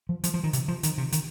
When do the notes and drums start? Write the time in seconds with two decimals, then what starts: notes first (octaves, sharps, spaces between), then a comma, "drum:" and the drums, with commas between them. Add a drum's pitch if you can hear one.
0.09 F3
0.24 F3, drum: hi-hat
0.34 F3
0.44 D#3
0.53 C3, drum: hi-hat
0.68 F3
0.83 D#3, drum: hi-hat
0.98 C3
1.12 D#3, drum: hi-hat